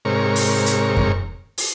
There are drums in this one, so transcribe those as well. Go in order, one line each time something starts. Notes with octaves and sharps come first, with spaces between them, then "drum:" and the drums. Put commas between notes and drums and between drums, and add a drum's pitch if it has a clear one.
G#2 C3 A#4 C#5
drum: open hi-hat
drum: hi-hat
drum: kick F#2
drum: open hi-hat